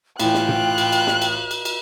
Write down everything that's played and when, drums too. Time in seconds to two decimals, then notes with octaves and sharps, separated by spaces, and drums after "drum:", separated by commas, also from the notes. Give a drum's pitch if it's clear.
0.20 A2 E3 F4 G5 F#6, drum: cymbal
0.34 drum: snare
0.49 drum: tom A2
0.78 drum: cymbal
0.92 drum: cymbal
1.07 drum: snare
1.22 drum: cymbal
1.51 drum: cymbal
1.65 drum: cymbal